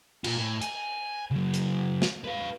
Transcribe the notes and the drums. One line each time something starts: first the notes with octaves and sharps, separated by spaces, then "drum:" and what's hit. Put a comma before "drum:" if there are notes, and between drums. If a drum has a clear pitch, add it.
A#2 F4, drum: cymbal
A2
G#5, drum: hi-hat
C#3 F#3
drum: hi-hat
drum: snare
B4 F5